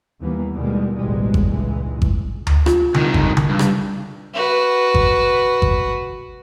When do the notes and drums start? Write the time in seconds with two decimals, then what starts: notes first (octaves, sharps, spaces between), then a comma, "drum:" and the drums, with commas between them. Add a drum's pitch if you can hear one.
0.21 D#2 E3 G3 A#3 B3
0.54 D#2 B2 D#3 G3 G#3 A#3
0.96 A1 D2 B2 G3 G#3
1.34 drum: kick G#1
1.48 C#2 G2 A#2 E3 G#3
2.02 drum: kick G#1
2.47 drum: tom D2
2.66 F4, drum: rim click
2.94 C2 D#3, drum: tom C#3
3.14 drum: kick G#1
3.37 drum: tom C#3
3.49 G2
3.59 drum: rim click
4.34 F#4 B4
4.94 drum: kick G#1
5.62 drum: kick G#1